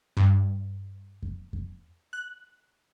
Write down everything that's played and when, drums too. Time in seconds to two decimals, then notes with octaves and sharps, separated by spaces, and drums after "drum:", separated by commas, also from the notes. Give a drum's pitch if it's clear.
0.17 G2
1.23 drum: kick F2
1.53 drum: kick F2
2.13 F#6